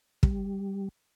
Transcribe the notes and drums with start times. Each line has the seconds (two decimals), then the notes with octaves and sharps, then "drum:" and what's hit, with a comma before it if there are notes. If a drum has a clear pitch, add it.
0.23 G3, drum: kick